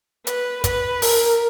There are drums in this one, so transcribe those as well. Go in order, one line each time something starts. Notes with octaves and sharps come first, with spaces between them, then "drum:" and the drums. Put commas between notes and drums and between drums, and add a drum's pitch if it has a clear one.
B4, drum: hi-hat
B4, drum: kick, hi-hat
A#4, drum: open hi-hat